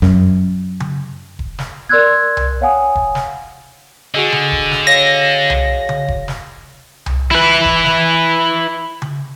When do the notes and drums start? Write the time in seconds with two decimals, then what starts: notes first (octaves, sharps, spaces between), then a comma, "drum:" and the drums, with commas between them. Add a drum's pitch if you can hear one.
0.02 F#2, drum: snare
0.80 drum: tom C#3
1.39 drum: kick E1
1.59 drum: snare
1.89 A#4 D5 C6 E6 F#6 G#6
2.37 drum: tom C2
2.61 C#5 F5 F#5 G#5 D#6
2.95 drum: kick E1
3.15 drum: snare
4.14 D3 F#4 G#4 D#5
4.32 drum: tom C#3
4.52 drum: kick E1
4.71 drum: snare
4.87 C#5 F5 A#6
5.50 drum: tom C2
5.89 drum: tom C#3
6.08 drum: kick E1
6.28 drum: snare
7.06 drum: tom C2
7.31 E4 B4
7.65 drum: kick E1
7.84 drum: snare
9.02 drum: tom C#3